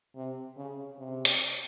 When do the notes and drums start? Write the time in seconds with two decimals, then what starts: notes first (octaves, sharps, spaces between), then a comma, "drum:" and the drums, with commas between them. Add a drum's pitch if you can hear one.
0.15 C3
0.57 C#3
0.99 C3
1.25 drum: hi-hat